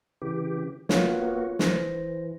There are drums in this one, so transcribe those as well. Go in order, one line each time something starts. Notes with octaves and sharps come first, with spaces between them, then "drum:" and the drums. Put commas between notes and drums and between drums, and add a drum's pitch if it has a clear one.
C#3 E3 G4
A#3 B3 F4 F#4 C#5, drum: snare
E3 C5 A#6, drum: snare